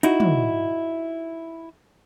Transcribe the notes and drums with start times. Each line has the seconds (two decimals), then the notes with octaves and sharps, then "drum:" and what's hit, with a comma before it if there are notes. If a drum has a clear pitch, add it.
0.03 D#4 E4 F#4, drum: hi-hat
0.20 drum: tom